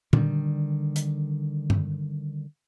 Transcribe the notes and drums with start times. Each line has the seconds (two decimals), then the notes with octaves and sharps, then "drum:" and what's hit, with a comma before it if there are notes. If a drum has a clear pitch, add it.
0.13 D3 D#3 G3, drum: tom
0.96 drum: hi-hat
1.70 drum: tom G2